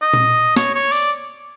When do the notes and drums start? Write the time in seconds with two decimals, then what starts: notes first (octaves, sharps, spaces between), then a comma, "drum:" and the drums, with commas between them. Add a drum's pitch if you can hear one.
0.02 D#5
0.13 drum: tom A#2
0.56 C#5, drum: snare
0.75 C#5
0.92 D5, drum: open hi-hat